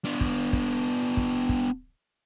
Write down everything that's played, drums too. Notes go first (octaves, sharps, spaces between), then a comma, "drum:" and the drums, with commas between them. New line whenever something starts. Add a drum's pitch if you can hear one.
B3 D4
drum: kick
drum: kick
drum: kick
drum: kick